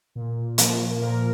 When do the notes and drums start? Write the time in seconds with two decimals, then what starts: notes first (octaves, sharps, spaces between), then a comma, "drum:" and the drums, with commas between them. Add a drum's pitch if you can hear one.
0.15 A#2
0.58 F3 A#3, drum: hi-hat
1.01 A#2 A#4